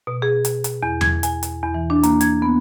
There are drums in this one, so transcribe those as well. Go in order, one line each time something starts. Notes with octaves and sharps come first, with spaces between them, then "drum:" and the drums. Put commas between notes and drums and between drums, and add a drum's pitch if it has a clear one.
B2
G#4
drum: hi-hat
drum: hi-hat
E2
G#6, drum: tom E2
G#5, drum: hi-hat
drum: hi-hat
E2
E3
D4
A#3, drum: hi-hat
G#6, drum: hi-hat
B3